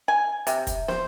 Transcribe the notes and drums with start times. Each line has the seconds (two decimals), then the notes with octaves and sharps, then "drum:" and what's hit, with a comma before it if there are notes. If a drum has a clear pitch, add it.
0.08 G#5
0.47 C3, drum: hi-hat
0.67 drum: kick, hi-hat
0.88 C5, drum: snare